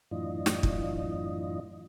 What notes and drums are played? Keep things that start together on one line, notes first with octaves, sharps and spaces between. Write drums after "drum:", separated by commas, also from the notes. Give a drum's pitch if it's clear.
F#2 A2 E3 D4 F4 D#5
drum: snare
drum: kick